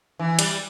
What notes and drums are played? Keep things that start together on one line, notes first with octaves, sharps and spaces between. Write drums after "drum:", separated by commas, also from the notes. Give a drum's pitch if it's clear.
E3
G3, drum: hi-hat